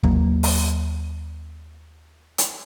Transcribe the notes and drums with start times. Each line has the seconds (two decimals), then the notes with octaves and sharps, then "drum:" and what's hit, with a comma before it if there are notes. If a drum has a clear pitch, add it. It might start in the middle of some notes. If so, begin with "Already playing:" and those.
0.03 D#2 F#3 A#3, drum: kick
0.43 drum: open hi-hat
2.38 drum: hi-hat